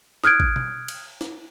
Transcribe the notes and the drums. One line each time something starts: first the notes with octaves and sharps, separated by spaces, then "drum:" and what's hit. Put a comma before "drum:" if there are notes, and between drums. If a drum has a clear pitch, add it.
D#6 F6 F#6 G#6 D7, drum: snare
drum: kick A1
drum: tom B2
drum: cymbal
drum: snare